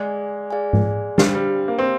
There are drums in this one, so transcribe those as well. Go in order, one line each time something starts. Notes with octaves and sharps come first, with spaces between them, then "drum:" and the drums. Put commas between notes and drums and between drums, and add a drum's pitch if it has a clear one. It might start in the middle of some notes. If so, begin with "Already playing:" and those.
Already playing: G#3 G#4 D5 F5 G#5
G#4 D5 F5 G#5
drum: tom G#2
G3 D4 G4 C5 F5, drum: snare
G3
A#3
C4